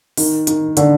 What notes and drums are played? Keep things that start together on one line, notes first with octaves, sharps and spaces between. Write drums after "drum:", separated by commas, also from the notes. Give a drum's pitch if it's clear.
D#3, drum: open hi-hat
D#3, drum: hi-hat
D3, drum: hi-hat